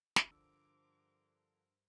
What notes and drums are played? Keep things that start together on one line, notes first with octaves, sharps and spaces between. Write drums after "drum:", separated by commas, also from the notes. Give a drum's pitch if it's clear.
drum: snare
G2 D3 F3 D4 A#4 C5 D6 E6